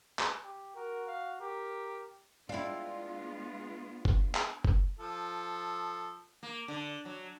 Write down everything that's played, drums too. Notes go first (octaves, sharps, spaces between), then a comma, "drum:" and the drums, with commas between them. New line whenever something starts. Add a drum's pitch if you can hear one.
drum: clap
G4
F#4 A#4
F5
G4 A#4
G#3 B3 D4 E4 F4 F5 G5
drum: kick F#1
drum: clap
drum: kick F#1
F3 A4
A#3
D3
F#3